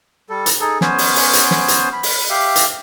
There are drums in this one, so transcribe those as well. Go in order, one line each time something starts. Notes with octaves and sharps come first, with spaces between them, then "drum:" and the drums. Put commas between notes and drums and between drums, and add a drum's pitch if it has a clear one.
G3 A4
drum: hi-hat
D#4 G#4 A4
B3 C#4 C5 G#5, drum: snare
drum: open hi-hat
drum: open hi-hat
drum: hi-hat
drum: snare
drum: hi-hat
B5
drum: open hi-hat
G4 E5 F5
drum: hi-hat